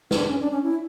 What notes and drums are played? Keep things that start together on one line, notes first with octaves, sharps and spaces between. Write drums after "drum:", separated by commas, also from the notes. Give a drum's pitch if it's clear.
D4, drum: snare
C#4
D4
C#4
E4